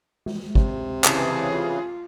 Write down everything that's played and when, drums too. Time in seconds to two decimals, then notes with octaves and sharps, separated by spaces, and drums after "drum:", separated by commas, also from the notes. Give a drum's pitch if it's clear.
0.26 drum: tom G#3
0.55 C3, drum: kick
1.04 C#3 E3 G#4 A5, drum: clap
1.51 F4